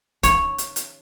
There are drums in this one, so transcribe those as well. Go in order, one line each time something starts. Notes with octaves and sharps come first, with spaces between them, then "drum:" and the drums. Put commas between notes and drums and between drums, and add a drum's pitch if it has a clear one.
C#5, drum: kick, hi-hat
drum: hi-hat
drum: hi-hat